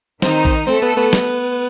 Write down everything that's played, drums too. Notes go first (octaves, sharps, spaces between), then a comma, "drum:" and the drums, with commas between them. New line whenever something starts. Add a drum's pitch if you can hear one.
D#3 C4 D#4 C5, drum: snare
drum: kick A#1
A3 C4 A4 C5
B3 B4
B3 B4
drum: snare